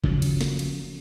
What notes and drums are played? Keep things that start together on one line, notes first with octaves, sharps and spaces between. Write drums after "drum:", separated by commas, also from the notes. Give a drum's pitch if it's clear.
C#3 F3 F#3, drum: kick G1
drum: cymbal
drum: snare
drum: cymbal